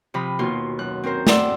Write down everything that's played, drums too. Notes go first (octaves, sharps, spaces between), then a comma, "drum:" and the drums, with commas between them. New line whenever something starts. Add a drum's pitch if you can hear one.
C3 F3 B5 D#6
D#2 B2 F4 F#4 C6
F#2 F#6
C4 C#4 A#4 C5
A4 D5 F#5 C6 E6, drum: snare